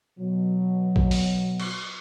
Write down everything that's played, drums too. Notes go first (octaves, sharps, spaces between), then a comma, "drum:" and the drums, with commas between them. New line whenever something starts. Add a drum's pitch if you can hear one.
B2 F#3
drum: kick A#1
drum: open hi-hat
drum: cymbal